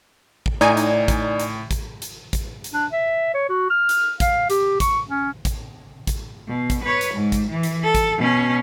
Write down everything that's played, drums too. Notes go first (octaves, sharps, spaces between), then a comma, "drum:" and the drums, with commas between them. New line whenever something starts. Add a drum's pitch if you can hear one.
drum: kick
A2 D#4 D5 G#5
drum: hi-hat
drum: kick, hi-hat
drum: hi-hat
drum: kick, hi-hat
drum: hi-hat
drum: kick, hi-hat
drum: hi-hat
D4
E5
C#5
F#4
F6
drum: hi-hat
F5, drum: kick, hi-hat
G4, drum: hi-hat
C#6, drum: kick, hi-hat
C#4
drum: kick, hi-hat
drum: kick, hi-hat
B2
drum: kick, hi-hat
B4 C#5
drum: hi-hat
G#2
drum: kick, hi-hat
E3
drum: hi-hat
A4
drum: kick, hi-hat
B2 C#4